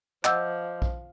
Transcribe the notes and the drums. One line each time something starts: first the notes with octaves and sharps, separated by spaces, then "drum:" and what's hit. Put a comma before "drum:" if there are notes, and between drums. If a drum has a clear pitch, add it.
F3 D#5 F#5 D6 E6 G6, drum: clap
drum: kick A#1